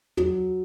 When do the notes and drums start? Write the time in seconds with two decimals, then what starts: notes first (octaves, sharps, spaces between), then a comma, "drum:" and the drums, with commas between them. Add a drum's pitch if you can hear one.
0.17 F#3, drum: tom